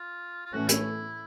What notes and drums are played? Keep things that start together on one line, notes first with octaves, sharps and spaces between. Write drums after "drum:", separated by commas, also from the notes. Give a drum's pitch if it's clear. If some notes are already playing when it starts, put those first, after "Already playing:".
Already playing: F4
F4
A2 E3 A3 C#4 F#4
E4, drum: hi-hat